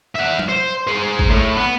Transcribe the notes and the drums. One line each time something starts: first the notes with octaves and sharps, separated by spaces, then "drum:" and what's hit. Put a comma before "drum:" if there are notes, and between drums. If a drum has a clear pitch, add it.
E5 F#5
drum: tom F#3
C5
G#4 C5
drum: kick G#1
A2
B3